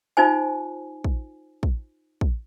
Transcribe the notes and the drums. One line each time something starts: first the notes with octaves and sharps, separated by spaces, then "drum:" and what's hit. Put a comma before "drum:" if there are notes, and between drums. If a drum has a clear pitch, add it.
D#4 F4 C5 G#5
drum: kick
drum: kick
drum: kick